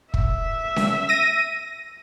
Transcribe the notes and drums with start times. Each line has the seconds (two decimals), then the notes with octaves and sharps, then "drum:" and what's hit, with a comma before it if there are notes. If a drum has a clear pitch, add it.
0.14 E5, drum: kick
0.76 drum: snare C#4
1.09 A#6 D#7